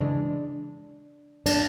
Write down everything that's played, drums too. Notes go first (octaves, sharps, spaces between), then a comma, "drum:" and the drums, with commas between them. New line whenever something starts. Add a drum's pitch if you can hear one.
C#3 E3 G#3 D4
D4, drum: cymbal